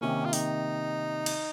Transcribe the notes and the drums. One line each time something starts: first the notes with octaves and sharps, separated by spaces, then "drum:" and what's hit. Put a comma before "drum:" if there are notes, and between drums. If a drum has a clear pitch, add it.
C3 D#3 A#3 C#4
F4
D#4, drum: open hi-hat
drum: cymbal